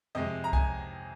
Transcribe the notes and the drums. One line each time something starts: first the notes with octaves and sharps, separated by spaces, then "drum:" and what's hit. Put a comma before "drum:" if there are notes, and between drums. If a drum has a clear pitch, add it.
F2 C3 G#3 D#5
A#5
G#5, drum: kick C2